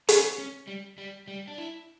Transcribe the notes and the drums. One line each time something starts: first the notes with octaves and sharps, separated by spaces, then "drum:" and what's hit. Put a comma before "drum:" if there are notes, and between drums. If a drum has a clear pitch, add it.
C#4, drum: hi-hat
C#4
G3
G3
G3
D4
E4